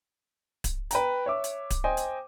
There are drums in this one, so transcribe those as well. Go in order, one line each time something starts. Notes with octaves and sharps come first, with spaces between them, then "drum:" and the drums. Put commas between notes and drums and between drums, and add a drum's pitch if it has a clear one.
drum: kick D1, hi-hat
B4 G5 A#5, drum: hi-hat
C#5 E5 D6
drum: hi-hat
drum: kick D1, hi-hat
C5 D#5 G5 G#5
drum: hi-hat